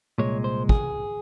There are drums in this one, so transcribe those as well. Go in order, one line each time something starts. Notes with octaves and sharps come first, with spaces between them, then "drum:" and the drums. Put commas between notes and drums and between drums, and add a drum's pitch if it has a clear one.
C2 A#2 G#3 C#5
C5
G#4, drum: kick